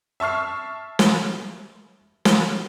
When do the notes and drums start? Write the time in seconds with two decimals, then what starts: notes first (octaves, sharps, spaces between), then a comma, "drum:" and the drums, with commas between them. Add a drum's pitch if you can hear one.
0.20 E5 A5 C#6 F6 C7
0.99 drum: snare
2.25 drum: snare